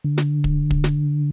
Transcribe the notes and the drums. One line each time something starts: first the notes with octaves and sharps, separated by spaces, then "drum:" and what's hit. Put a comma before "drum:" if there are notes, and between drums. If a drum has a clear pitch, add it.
D3
drum: snare
drum: kick
drum: kick
drum: snare